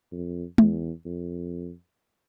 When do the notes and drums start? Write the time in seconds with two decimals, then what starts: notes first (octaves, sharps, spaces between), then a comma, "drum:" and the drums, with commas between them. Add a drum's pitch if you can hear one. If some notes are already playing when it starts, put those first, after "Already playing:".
0.12 F2
0.58 E2, drum: tom G#3
1.06 F2